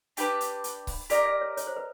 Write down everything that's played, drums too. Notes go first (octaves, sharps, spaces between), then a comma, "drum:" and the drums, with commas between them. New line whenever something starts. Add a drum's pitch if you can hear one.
D4 G4 B4 G5, drum: hi-hat
drum: hi-hat
drum: hi-hat
drum: kick C#1, open hi-hat
G4 A#4 D5 D#5, drum: hi-hat
D5
C#5
C#5, drum: hi-hat
C5
B4